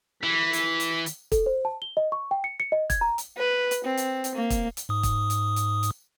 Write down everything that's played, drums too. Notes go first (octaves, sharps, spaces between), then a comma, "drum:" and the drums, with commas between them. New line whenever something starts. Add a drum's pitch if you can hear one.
E3 B6
drum: hi-hat
drum: hi-hat
drum: hi-hat
A4, drum: kick, hi-hat
C5
A5
G7
D#5
C#6
G5
C#7
C#7
D#5
G#6, drum: kick, hi-hat
A#5
drum: hi-hat
B4
drum: hi-hat
C4
drum: hi-hat
drum: hi-hat
A#3
drum: kick, hi-hat
drum: hi-hat
G#2 D#6
drum: kick, hi-hat
drum: hi-hat
drum: hi-hat
drum: hi-hat